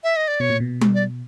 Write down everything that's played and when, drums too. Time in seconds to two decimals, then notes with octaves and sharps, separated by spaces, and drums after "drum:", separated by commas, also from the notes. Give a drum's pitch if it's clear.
0.04 E5
0.16 D#5
0.28 D5
0.40 B2 C#5
0.50 A#2
0.60 B2
0.81 drum: tom G3
0.94 D5